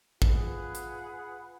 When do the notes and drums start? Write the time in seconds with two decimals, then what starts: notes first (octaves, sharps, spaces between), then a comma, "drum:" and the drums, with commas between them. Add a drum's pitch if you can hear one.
0.22 F4 G#4 B4 F#5, drum: kick
0.75 drum: hi-hat